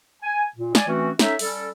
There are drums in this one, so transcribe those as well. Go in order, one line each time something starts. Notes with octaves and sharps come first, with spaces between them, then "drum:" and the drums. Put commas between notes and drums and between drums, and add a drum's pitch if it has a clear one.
G#5
A#2
D5 G#5, drum: snare
E3 A3 C4 C#4 F#4
C#4 D#4 A4 C#5 E5, drum: snare
G3 C#4 A4, drum: open hi-hat